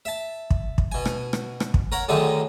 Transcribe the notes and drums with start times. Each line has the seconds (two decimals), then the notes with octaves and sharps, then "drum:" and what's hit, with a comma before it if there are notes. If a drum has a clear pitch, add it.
0.05 E5 A5
0.50 drum: kick
0.78 drum: kick
0.92 B2 G#5
1.05 drum: rim click
1.33 drum: rim click
1.60 drum: rim click
1.74 drum: kick
1.92 A#4 C#5 F#5
2.09 F#2 D3 D#3 A3 G#4